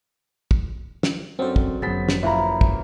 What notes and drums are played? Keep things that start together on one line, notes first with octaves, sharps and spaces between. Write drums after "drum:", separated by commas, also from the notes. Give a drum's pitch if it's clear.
drum: kick
drum: snare
F#2 F#3 C4 D4 A4 C5
drum: kick
G1 F#2 B3 G#4 C5 A6 B6
drum: snare
A#1 E4 B4 E5 F5 A#5 B5
drum: kick